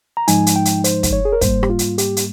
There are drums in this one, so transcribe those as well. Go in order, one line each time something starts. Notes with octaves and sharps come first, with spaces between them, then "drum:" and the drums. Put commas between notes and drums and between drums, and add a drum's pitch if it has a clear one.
A#5
G#2 F3 G#3 D#4 G#5, drum: hi-hat
drum: hi-hat
G5
drum: hi-hat
C5, drum: hi-hat
drum: kick, hi-hat
C#5
G#4
A#4
G#2 G3 A#3 C5, drum: kick, hi-hat
G4, drum: rim click
F4
drum: hi-hat
G4, drum: hi-hat
drum: hi-hat